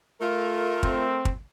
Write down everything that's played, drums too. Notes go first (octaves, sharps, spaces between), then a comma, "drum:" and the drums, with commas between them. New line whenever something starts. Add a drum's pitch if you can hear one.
A3 F4 A#4
C4, drum: kick
drum: kick